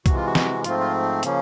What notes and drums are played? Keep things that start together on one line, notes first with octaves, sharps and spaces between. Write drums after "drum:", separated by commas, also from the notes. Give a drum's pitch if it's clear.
C3 E3 G#3 F#4, drum: kick B1, hi-hat
F4
F#4
drum: snare
G#2 F3 A3 C4 F4, drum: hi-hat
F4
C#3 F3 A#3 C#4, drum: hi-hat